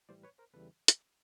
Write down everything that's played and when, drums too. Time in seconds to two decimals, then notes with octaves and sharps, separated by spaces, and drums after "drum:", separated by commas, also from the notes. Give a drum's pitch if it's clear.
0.09 A2 E3 G3 C5 D5
0.23 B4 C#5
0.38 A#4 C5
0.53 E2 C#3 E3 G3 A4 B4
0.88 drum: hi-hat